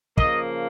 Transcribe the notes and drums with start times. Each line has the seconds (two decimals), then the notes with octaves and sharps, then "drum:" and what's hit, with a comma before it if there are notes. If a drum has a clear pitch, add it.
0.17 C#3 F3 A#3 D#5, drum: kick